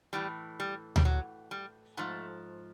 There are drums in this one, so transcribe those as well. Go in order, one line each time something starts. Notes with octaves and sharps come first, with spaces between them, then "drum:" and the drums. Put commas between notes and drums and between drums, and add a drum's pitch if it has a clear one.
A2 E3 G3
G3
G3, drum: tom D2
F#3
G3
G#2 F3 A3